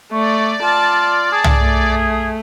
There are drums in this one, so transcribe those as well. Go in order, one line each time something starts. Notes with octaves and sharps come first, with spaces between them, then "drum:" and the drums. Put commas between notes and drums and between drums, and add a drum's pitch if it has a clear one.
A3 D5 C#6
F4 A5
G#4 A5
drum: tom C2
A3